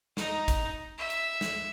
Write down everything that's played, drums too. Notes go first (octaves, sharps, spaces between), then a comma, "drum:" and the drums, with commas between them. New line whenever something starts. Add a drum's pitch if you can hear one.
D#4, drum: snare
drum: kick, hi-hat
E5
drum: hi-hat
drum: snare